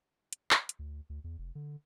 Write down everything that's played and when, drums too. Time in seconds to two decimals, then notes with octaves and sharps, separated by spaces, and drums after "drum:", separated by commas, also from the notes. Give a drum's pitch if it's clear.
0.33 drum: hi-hat
0.51 drum: clap
0.69 drum: hi-hat
0.79 D2
1.10 D2
1.24 E2
1.38 F1
1.55 D3